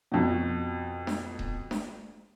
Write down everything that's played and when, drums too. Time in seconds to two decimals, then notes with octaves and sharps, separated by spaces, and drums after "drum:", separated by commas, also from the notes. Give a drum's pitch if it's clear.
0.12 F2 B2
1.07 drum: snare D4
1.39 drum: kick D#1
1.71 drum: snare D4